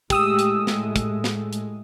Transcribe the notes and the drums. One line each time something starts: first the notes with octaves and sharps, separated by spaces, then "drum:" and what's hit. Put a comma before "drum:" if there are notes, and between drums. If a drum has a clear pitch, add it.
A2 G#3 A3 G4 D#6 E6, drum: kick, hi-hat
drum: hi-hat
drum: snare
drum: kick, hi-hat
drum: snare
drum: hi-hat